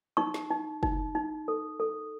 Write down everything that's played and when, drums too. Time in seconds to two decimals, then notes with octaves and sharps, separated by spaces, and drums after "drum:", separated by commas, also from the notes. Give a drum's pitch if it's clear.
0.17 D#4 C#6
0.34 drum: snare
0.50 D#4
0.83 D#4, drum: kick F#1
1.15 D#4
1.48 A4
1.80 A4